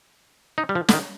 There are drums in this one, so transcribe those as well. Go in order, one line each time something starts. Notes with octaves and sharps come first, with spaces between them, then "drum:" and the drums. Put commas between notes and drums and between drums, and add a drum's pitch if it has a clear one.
D#4
G3
F3
D3, drum: snare
D#3